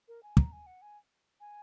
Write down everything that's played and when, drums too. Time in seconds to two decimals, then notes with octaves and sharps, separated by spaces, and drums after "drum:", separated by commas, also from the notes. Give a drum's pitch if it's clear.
0.08 A#4
0.23 G#5
0.37 A#5, drum: kick
0.52 G#5
0.66 F#5
0.82 G#5
1.40 G#5